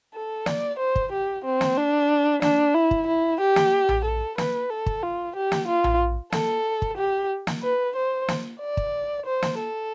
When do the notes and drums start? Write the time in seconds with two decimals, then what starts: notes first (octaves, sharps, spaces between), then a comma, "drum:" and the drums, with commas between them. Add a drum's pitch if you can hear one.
0.14 A4
0.46 D5, drum: snare
0.79 C5
0.96 drum: kick
1.12 G4
1.45 C4
1.61 drum: snare
1.77 D4
2.42 D4, drum: snare
2.74 E4
2.91 drum: kick
3.07 E4
3.40 G4
3.56 drum: snare
3.89 drum: tom A#1
4.05 A4
4.38 B4, drum: snare
4.70 A4
4.86 drum: kick
5.03 F4
5.36 G4
5.52 drum: snare
5.68 F4
5.84 drum: tom A#1
6.32 A4, drum: snare
6.82 drum: kick
6.98 G4
7.47 drum: snare
7.63 B4
7.96 C5
8.28 drum: snare
8.61 D5
8.77 drum: kick
9.26 C5
9.42 drum: snare
9.59 A4